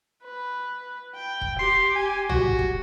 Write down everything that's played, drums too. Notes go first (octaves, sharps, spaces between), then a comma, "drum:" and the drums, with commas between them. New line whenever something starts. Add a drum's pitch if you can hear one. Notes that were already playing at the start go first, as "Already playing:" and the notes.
B4
G5
drum: kick E1
G4 C6
G#5
F#4, drum: tom
drum: kick E1